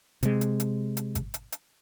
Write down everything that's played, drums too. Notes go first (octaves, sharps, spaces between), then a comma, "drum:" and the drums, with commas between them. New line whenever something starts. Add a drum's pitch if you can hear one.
C3 G#3, drum: hi-hat
drum: hi-hat
drum: hi-hat
drum: hi-hat
drum: kick G#1, hi-hat
drum: hi-hat
drum: hi-hat